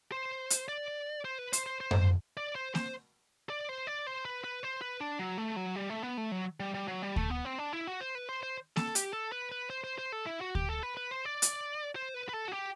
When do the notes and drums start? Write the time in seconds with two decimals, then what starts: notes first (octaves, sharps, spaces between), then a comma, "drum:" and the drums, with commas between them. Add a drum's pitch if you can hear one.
0.12 C5
0.50 drum: hi-hat
0.68 D5
1.25 C5
1.39 B4
1.53 C5, drum: hi-hat
1.66 C5
1.81 C5
1.91 drum: tom F#2
2.37 D5
2.55 C5
2.75 C5, drum: snare A#3
3.50 D5
3.69 C5
3.87 D5
4.07 C5
4.25 B4
4.44 B4
4.63 C5
4.81 B4
5.01 D4
5.19 F#3
5.38 A3
5.56 F#3
5.76 G3
5.90 A3
6.03 B3
6.18 A3
6.32 F#3
6.60 G3
6.74 G3
6.88 F#3
7.02 G3
7.16 A3, drum: kick D2
7.30 B3
7.45 C4
7.58 D4
7.73 E4
7.87 F#4
8.01 C5
8.15 B4
8.29 C5
8.43 C5
8.76 A4, drum: snare A#3
8.95 G4, drum: hi-hat
9.13 A4
9.32 B4
9.52 B4
9.70 C5
9.84 C5
9.98 C5
10.12 A4
10.26 E4
10.41 F#4
10.55 G4, drum: kick D2
10.69 A4
10.83 B4
10.97 B4
11.11 C5
11.25 D5
11.42 drum: hi-hat
11.96 C5
12.14 B4
12.29 B4
12.33 A4
12.48 F#4
12.52 G4